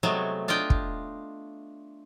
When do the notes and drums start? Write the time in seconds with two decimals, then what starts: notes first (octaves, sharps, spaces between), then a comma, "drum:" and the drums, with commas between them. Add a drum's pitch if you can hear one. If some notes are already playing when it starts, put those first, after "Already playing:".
0.03 C3 F#3 G#3 A3 B3
0.48 D4 F4 D#5 G5
0.70 drum: kick